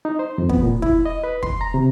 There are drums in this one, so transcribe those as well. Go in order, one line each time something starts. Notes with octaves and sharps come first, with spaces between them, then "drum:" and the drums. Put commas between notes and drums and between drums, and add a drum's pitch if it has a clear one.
D#4
C5
F2
B3, drum: kick
A#2
E4, drum: kick
D#5
B4
C6, drum: kick
A#5
C3